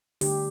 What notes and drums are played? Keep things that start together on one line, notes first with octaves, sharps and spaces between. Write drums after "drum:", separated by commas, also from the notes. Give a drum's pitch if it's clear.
D3 A3 D4 G4, drum: open hi-hat